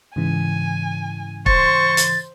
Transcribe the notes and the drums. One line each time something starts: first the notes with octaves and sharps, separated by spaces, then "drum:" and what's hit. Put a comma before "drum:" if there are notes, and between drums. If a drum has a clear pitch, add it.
G#2 C#3 E3 G#5
C5 C6 C#6 A6, drum: kick
drum: hi-hat